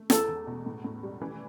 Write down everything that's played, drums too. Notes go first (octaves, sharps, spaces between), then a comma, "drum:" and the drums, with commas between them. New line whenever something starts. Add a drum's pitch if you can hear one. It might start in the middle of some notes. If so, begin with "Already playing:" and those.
Already playing: A3
E2 A4, drum: snare
E2
B2
A2
A2
G3
E3